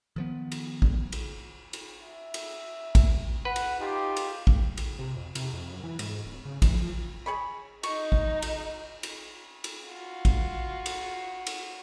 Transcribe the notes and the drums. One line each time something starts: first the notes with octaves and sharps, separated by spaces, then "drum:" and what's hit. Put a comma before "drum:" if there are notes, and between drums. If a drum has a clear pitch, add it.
D#3 F3 B3
drum: cymbal
drum: kick
drum: cymbal
drum: cymbal
E5
drum: cymbal
drum: kick, cymbal
B4 F#5
drum: cymbal
D#4 F4 G4
drum: cymbal
drum: kick
drum: cymbal
C3
F2
C3, drum: cymbal
F2
F#2
E3
G#2, drum: cymbal
D1
C#3
E3, drum: kick, cymbal
F3
G#4 C#5 B5
D#4 C#6, drum: cymbal
drum: kick
drum: cymbal
drum: cymbal
drum: cymbal
F4 F#4
drum: kick, cymbal
drum: cymbal
drum: cymbal